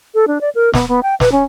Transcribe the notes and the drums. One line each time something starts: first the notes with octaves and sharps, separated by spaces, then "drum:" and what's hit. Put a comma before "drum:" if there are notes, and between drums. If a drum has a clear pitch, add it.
A4
D4
D5
A#4
B3, drum: snare
B3
G5
B4, drum: snare
C#4